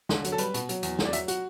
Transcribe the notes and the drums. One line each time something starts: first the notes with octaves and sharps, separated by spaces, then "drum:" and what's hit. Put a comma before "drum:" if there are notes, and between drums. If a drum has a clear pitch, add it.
D3, drum: snare
F#3, drum: hi-hat
A4
G3 B4, drum: hi-hat
B2, drum: hi-hat
F#3, drum: hi-hat
E2, drum: hi-hat
F#3, drum: snare
D5
F#3 E5, drum: hi-hat
F#4, drum: hi-hat